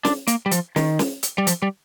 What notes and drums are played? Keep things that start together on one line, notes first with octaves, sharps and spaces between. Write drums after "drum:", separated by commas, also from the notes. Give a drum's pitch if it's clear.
D4, drum: snare
A#3, drum: hi-hat
G3
F3, drum: hi-hat
D#3, drum: snare
drum: snare
drum: hi-hat
G3
F3, drum: hi-hat
G3